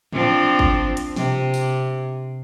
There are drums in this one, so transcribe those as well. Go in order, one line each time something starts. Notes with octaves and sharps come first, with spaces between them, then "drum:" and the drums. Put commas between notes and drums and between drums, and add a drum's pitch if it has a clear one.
F3 C4 D4, drum: tom A2
drum: kick
drum: hi-hat
C3, drum: snare
drum: tambourine